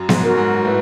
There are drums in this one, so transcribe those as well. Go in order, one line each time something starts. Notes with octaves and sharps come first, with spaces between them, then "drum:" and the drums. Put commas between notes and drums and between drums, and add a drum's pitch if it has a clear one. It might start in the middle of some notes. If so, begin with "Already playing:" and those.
Already playing: F#2 F#3
G#2 G#3, drum: snare B3
F#4 A#4
G#2 G#3
A2 A3 B4